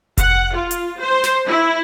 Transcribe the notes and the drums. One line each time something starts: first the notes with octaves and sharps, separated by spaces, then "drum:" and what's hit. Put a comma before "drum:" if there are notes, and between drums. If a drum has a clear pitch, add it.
F#5, drum: kick F1, hi-hat
F4
drum: hi-hat
C5
drum: snare
E4